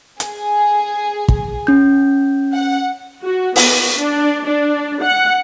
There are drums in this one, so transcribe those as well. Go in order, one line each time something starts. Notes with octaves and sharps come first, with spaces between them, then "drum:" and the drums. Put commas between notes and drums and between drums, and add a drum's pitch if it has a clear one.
G#4, drum: hi-hat
drum: kick
C#4 G6
F#5
F#4
B3, drum: open hi-hat
D4
D4
F#5